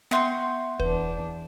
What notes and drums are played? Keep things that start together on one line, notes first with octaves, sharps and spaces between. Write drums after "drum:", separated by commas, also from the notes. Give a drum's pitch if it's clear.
B3 E5 F#5 C6 C#6 G6, drum: snare
E2 D4 B4, drum: kick